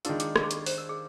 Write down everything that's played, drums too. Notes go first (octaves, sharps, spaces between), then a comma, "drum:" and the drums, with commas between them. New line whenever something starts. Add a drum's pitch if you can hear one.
D#3 G#3 D4 F4 A#4, drum: hi-hat
G#4, drum: hi-hat
G4, drum: rim click
G#4
G4, drum: hi-hat
C5, drum: open hi-hat
A#4
G#4